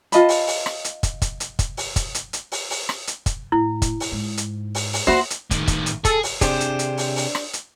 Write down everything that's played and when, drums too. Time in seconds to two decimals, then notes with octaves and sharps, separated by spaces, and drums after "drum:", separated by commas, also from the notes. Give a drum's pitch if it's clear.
0.12 F4 D#5 A5 B5, drum: hi-hat
0.29 drum: open hi-hat
0.47 drum: open hi-hat
0.66 drum: rim click
0.84 drum: hi-hat
1.03 drum: kick, hi-hat
1.22 drum: kick, hi-hat
1.40 drum: hi-hat
1.59 drum: kick, hi-hat
1.77 drum: open hi-hat
1.96 drum: kick, hi-hat
2.14 drum: hi-hat
2.33 drum: hi-hat
2.52 drum: open hi-hat
2.70 drum: open hi-hat
2.89 drum: rim click
3.07 drum: hi-hat
3.26 drum: kick, hi-hat
3.52 A2 E4
3.82 drum: kick, hi-hat
4.00 drum: open hi-hat
4.12 G#2
4.37 drum: hi-hat
4.75 drum: open hi-hat
4.93 drum: open hi-hat
5.07 A#3 F4 F#4 C5 E5
5.30 drum: hi-hat
5.51 A2 D#3, drum: kick, hi-hat
5.68 drum: kick, hi-hat
5.86 drum: hi-hat
6.05 G#4 A4, drum: kick, hi-hat
6.23 drum: open hi-hat
6.41 C3 D4 G4 G#4 C5, drum: kick, hi-hat
6.60 drum: hi-hat
6.79 drum: hi-hat
6.98 drum: open hi-hat
7.16 drum: open hi-hat
7.35 drum: rim click
7.53 drum: hi-hat